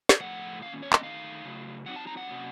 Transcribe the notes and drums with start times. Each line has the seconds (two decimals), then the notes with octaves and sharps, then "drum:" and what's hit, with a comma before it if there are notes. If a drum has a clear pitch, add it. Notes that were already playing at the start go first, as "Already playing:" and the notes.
0.09 drum: snare
0.20 A2 F3 A3 F#5
0.61 D#3 A#3 C#4 F5
0.83 C#5
0.93 D#5, drum: clap
1.03 D#3 A3 D#4 F5
1.44 C#3 F#3 A3
1.86 A2 F#3 C4 D#4 F#5
1.96 A5
2.07 A#5
2.17 F#5
2.27 C3 F#3 A#3 C#4